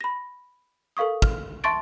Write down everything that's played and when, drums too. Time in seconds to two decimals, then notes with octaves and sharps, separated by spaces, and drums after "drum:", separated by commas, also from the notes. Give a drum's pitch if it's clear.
0.01 B5 A#6
0.97 A4 A#4 F5 C#6 D#6
1.22 F6, drum: kick
1.64 E5 A5 C6 C#6 A6 D7